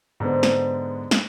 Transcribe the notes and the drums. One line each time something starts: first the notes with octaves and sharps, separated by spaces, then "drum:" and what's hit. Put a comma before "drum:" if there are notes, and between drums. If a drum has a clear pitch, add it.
G#2 D3 B3 C5
drum: snare
drum: snare